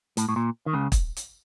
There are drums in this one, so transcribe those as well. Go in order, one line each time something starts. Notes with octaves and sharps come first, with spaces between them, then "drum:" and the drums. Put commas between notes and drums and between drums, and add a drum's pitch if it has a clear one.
A2, drum: hi-hat
A2
A#2
D#3
C#2 C#3
drum: kick, hi-hat
drum: hi-hat